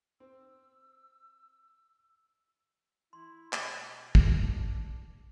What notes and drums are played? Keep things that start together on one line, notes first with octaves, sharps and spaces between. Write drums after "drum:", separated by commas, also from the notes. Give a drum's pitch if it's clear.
C4 E6
E4 C6
B2, drum: clap
D4, drum: kick